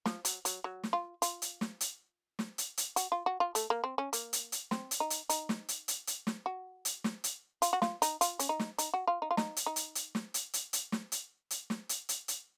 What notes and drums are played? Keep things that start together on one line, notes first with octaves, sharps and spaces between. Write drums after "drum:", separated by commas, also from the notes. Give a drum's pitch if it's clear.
F3, drum: snare
F#3, drum: hi-hat
F#3, drum: hi-hat
F#3
drum: snare
F4
F4, drum: hi-hat
drum: hi-hat
drum: snare
drum: hi-hat
drum: snare
drum: hi-hat
drum: hi-hat
F#4, drum: hi-hat
F4
F#4
F4
A3, drum: hi-hat
A#3
C4
C#4
A#3, drum: hi-hat
drum: hi-hat
drum: hi-hat
C4, drum: snare
drum: hi-hat
D#4
drum: hi-hat
D#4, drum: hi-hat
drum: snare
drum: hi-hat
drum: hi-hat
drum: hi-hat
drum: snare
F#4
drum: hi-hat
drum: snare
drum: hi-hat
F4, drum: hi-hat
F#4
F4, drum: snare
D#4, drum: hi-hat
F4, drum: hi-hat
C#4, drum: hi-hat
D#4
drum: snare
D#4, drum: hi-hat
F#4
F4
D#4
F4
D#4, drum: snare
drum: hi-hat
D#4
drum: hi-hat
drum: hi-hat
drum: snare
drum: hi-hat
drum: hi-hat
drum: hi-hat
drum: snare
drum: hi-hat
drum: hi-hat
drum: snare
drum: hi-hat
drum: hi-hat
drum: hi-hat